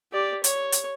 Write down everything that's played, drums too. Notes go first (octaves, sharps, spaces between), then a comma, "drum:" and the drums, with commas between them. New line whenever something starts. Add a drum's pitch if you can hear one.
G4 D5
C#5, drum: hi-hat
drum: hi-hat